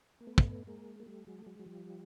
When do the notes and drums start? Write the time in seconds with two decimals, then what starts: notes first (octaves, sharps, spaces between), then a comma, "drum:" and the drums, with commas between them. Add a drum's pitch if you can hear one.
0.20 A#3
0.27 A3 B3
0.38 drum: kick
0.67 G#3 A#3
1.00 A#3
1.06 G3 A3
1.27 F#3 G#3
1.39 A3
1.46 F#3 G#3
1.59 F#3
1.66 F3 G3